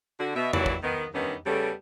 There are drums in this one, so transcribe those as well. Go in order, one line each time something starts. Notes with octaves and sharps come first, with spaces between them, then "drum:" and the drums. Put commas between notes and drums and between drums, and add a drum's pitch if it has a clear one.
D3 F#4
B2 E5
D#2 E3 F#3 E4 C#5 D5, drum: tom E2
drum: kick
D#3 B3
G2 D#3 E3 B3 C#4 D#4
C#3 G3 A3 B3 A4